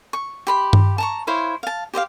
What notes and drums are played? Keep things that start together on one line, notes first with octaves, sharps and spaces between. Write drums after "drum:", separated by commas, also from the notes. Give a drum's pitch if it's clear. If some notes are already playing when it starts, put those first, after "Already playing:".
C#6
G4 B5 C6
drum: tom G2
A5 A#5 C#6
E4 C5 C#5 F5
F5 A5
G4 C5 D#5 F5